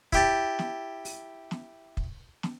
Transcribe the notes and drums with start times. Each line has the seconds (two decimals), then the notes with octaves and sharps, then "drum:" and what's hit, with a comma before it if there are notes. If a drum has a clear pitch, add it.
0.13 E4 G4 A5, drum: kick, hi-hat
0.59 drum: snare
1.05 drum: open hi-hat
1.51 drum: snare
1.97 drum: kick
2.43 drum: snare